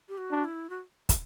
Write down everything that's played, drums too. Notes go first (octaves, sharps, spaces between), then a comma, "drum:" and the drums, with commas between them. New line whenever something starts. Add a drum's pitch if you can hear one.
G4
F#4
D4
E4
F#4
drum: kick, hi-hat